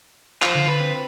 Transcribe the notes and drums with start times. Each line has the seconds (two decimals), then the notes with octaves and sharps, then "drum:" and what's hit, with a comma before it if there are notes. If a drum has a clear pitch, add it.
0.42 F4 C5, drum: clap
0.54 D3
0.68 B4 A6
0.80 C4